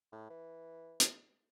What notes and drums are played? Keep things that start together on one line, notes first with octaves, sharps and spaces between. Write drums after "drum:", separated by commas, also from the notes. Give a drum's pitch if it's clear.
A2
E3
drum: hi-hat